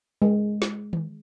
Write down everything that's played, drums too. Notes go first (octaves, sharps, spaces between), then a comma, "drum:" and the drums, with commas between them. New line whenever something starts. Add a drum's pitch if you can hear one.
G#3
drum: snare
drum: tom D#3